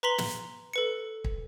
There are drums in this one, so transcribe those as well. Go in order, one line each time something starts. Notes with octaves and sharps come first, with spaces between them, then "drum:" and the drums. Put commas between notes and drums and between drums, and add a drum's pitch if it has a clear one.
B4 A#5 C6 B6 F#7 G7
drum: snare
A4 B4 C#7
drum: kick